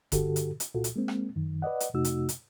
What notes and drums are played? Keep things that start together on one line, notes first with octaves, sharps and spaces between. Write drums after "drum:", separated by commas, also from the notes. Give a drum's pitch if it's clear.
G2 D3 F#4 G4 A4, drum: kick F1, hi-hat
drum: hi-hat
drum: hi-hat
C2 A#2 F4 F#4 A4
drum: hi-hat
G#3 A#3 C4
drum: rim click
F#2 D#3
B4 D5 D#5 F#5
drum: hi-hat
F2 C3 A3 D#4 F#4 E6
drum: hi-hat
drum: hi-hat